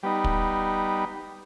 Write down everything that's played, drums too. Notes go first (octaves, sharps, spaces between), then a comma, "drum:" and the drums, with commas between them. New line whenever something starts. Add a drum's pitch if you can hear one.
G3 B3 D#4
drum: kick